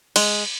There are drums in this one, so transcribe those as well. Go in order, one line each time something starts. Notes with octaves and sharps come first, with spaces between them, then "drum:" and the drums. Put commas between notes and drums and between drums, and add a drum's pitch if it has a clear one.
G#3, drum: cymbal